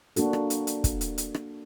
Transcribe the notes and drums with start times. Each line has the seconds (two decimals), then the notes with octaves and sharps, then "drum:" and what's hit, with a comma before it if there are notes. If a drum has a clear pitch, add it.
0.16 A#3 D4 F#4 A4, drum: hi-hat
0.33 drum: rim click
0.50 drum: hi-hat
0.67 drum: hi-hat
0.84 drum: kick, hi-hat
1.01 drum: hi-hat
1.18 drum: hi-hat
1.35 drum: rim click